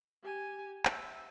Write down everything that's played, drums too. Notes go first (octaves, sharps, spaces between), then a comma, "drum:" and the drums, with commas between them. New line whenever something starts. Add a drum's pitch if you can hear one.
G4 G#5
E5, drum: clap